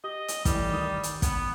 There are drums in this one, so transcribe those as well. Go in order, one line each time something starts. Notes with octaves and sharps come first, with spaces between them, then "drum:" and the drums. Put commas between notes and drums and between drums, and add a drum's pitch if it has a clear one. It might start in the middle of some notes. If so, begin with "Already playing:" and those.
G4 D#5
drum: hi-hat
A2 E3 G3, drum: kick, hi-hat
D#3 D#6
drum: hi-hat
B3, drum: kick, hi-hat